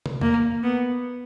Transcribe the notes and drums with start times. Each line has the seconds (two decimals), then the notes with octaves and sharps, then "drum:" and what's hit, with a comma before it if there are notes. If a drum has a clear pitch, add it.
0.06 drum: tom
0.21 A#3, drum: tom E2
0.63 B3